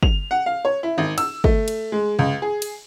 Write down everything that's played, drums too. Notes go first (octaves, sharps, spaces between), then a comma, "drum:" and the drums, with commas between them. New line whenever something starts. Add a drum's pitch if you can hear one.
F7, drum: kick
F#5
F5
C#5
E4
G#1
E6, drum: cymbal
A3, drum: kick
drum: cymbal
G#3
C#2
G#4
drum: cymbal